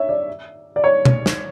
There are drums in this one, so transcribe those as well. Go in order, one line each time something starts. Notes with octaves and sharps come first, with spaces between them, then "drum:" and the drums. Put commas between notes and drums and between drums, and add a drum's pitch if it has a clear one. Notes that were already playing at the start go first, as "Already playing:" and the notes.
Already playing: C#5 E5
D5
D5
C#5
drum: tom
drum: snare